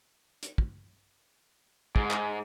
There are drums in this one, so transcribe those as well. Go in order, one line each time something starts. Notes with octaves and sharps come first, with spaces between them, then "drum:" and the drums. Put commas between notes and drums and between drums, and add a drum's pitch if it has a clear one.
drum: hi-hat
drum: kick
G#2, drum: kick
drum: clap